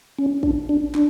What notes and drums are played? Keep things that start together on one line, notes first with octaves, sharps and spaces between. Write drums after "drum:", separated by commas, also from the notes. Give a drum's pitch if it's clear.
C#4
D4, drum: kick
D4
D4, drum: clap